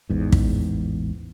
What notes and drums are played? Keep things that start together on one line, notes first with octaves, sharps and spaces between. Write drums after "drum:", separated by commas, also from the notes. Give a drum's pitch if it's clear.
A1 E2 G#2
drum: kick